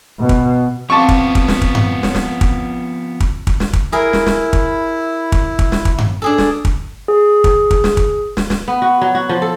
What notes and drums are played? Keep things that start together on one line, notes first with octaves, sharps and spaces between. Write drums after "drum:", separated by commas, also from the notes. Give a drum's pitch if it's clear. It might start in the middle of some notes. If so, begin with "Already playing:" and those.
B2
drum: kick
F3 B3 C4 F5 A5 C#6 D6
drum: kick
drum: kick
drum: snare
drum: kick
drum: tom G2
C#5, drum: snare
drum: snare
drum: kick
drum: kick
drum: kick
drum: snare
drum: kick
E4 G#4 A#4
drum: snare
drum: snare
drum: kick
drum: kick
drum: kick
drum: snare
drum: kick
drum: tom G2
D4 G#4 A4
drum: snare
drum: kick
G#4
drum: kick
drum: kick
drum: snare
drum: kick
drum: snare
drum: snare
B3
F#4
F#3
F#4
F3
A4